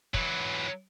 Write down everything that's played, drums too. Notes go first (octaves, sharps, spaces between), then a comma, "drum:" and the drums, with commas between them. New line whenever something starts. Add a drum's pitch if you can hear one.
E3 F#3, drum: kick